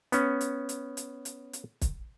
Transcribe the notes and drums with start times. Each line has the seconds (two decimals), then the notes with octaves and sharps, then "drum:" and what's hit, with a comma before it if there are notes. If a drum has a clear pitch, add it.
0.12 B3 C#4, drum: hi-hat
0.41 drum: hi-hat
0.69 drum: hi-hat
0.97 drum: hi-hat
1.25 drum: hi-hat
1.53 drum: hi-hat
1.82 drum: kick, hi-hat